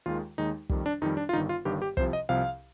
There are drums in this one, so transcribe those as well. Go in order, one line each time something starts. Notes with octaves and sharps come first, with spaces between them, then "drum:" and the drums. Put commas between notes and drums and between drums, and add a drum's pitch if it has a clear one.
D#2 D#3 G#3 F4
D#2 D#3 G#3 D#4
F2 D#3 G3, drum: kick
D4
F2 D#3 G3 D#4
D4
F4
G1 G2 D#3 D#4
F4
G1 G2 D#3 G4
G4
C2 C3 F3 C5, drum: kick
D#5
C2 C3 F3 F5